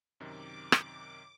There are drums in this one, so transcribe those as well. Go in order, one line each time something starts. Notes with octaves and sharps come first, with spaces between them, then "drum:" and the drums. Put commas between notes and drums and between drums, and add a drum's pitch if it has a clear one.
F#2 C3 D#3 D6
drum: rim click